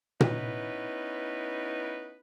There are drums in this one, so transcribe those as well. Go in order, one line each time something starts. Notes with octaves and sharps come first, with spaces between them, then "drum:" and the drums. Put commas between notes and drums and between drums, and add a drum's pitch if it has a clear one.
B3 C#4 D#4 E4 B4, drum: tom A#2